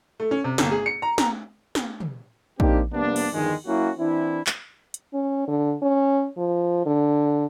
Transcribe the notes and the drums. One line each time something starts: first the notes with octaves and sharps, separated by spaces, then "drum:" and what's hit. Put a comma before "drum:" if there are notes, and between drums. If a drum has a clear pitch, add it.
A3
C#4
C3
G1, drum: snare
G#4
C#7
A#5
A#5, drum: snare
drum: snare
drum: tom
A#3 C4 D4 D#4 G4, drum: kick A#1
F2 C3 G3 A#3 B3 D4
drum: cymbal
E2 G2 D3 D#3 F3 G#3
F#3 A#3 C#4 E4 F#4
E3 C4 D4 E4
drum: clap
drum: hi-hat
C#4
D3
C#4
F3
D3